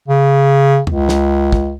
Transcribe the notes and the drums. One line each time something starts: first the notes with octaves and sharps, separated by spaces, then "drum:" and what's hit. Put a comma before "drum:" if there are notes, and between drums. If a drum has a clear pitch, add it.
C#3
C#2, drum: tom
drum: snare
drum: kick